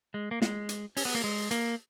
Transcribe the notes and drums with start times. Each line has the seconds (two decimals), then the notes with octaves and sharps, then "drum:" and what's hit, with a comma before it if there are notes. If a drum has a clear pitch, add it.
0.14 G#3
0.31 A#3
0.42 G#3, drum: snare
0.69 drum: hi-hat
0.97 C#4, drum: open hi-hat
1.05 B3
1.15 A#3
1.24 G#3
1.51 A#3, drum: hi-hat